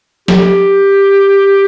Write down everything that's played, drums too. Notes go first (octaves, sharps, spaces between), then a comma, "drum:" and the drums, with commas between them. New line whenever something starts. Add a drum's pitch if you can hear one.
G4, drum: snare F#3